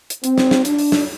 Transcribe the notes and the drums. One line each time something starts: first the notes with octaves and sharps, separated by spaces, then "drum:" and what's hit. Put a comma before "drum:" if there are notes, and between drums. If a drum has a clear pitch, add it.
drum: hi-hat
C4, drum: hi-hat
drum: snare
drum: snare
D4, drum: hi-hat
drum: open hi-hat
drum: snare